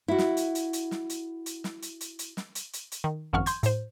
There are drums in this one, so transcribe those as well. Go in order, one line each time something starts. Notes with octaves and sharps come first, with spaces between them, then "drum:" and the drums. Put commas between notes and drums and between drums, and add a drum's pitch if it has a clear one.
E4 F#4
drum: snare
drum: hi-hat
drum: hi-hat
drum: hi-hat
drum: snare
drum: hi-hat
drum: hi-hat
drum: snare
drum: hi-hat
drum: hi-hat
drum: hi-hat
drum: snare
drum: hi-hat
drum: hi-hat
drum: hi-hat
D#3
G#1 F#2 F3 F#5 C#6 F6
C6 G6 G#6, drum: hi-hat
A2 C5, drum: hi-hat